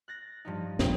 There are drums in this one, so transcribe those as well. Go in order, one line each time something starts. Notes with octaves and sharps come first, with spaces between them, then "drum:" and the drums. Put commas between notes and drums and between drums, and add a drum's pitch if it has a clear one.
F#6 A6 A#6
G2 F3 D#4
A#1 F2, drum: snare